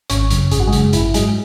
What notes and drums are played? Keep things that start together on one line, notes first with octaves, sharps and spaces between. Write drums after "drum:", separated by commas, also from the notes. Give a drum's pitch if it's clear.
G#1 C#4 C#5, drum: hi-hat
F#2 C#3, drum: hi-hat
G#1 G#4, drum: hi-hat
F#4
G#3 G#4
F#2 C#3, drum: hi-hat
G#1 E4, drum: hi-hat
G#2 F#3 G#3 G#4, drum: hi-hat